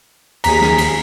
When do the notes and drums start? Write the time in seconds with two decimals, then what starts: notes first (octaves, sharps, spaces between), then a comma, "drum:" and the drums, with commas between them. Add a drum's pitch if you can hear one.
0.44 D#2 G#4 A#5 B6, drum: cymbal
0.61 drum: snare
0.78 drum: cymbal